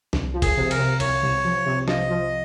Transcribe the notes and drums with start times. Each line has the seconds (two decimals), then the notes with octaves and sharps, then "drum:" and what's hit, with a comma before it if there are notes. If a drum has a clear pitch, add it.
0.13 C2, drum: snare
0.34 F3
0.42 G#4, drum: kick, cymbal
0.57 C3
0.71 A#4, drum: cymbal
0.78 C3
1.00 C2 C#5, drum: cymbal
1.22 C2
1.45 F3
1.66 C3
1.88 F3 D#5, drum: snare
2.10 F3